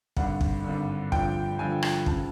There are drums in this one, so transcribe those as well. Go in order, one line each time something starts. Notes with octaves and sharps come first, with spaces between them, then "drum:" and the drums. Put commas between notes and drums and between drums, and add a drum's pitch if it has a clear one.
G#1 G2 D3 F#5, drum: kick
drum: kick
G#1 G2 D3
G2 D3 F3 G5, drum: kick
G2 D3 F3 G#5
drum: rim click
C#3 F3 A5, drum: kick